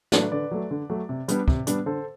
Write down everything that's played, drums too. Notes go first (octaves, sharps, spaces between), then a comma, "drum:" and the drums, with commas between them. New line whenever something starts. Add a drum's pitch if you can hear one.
F#3 A3 D4 B4 D5, drum: snare
D3 B4 D5
F#3 A3
D3
F#3 A3
C3
G3 B3 D4, drum: hi-hat
C3, drum: kick
G3 B3 D4, drum: hi-hat
D3 A4 C5